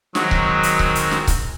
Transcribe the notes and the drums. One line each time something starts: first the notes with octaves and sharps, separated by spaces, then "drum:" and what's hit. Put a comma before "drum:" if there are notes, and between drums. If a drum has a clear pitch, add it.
D#3 F#3 G#3 C4 F#4 A#4, drum: snare
drum: kick C#1
drum: hi-hat
drum: kick C#1
drum: hi-hat
drum: snare
drum: kick C#1, hi-hat